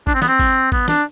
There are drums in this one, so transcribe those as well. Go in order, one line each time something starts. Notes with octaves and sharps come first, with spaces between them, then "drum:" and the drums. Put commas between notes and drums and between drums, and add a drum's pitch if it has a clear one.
D4, drum: kick G#1
C4
B3, drum: snare
C4
drum: kick G#1
B3, drum: kick G#1
D4, drum: snare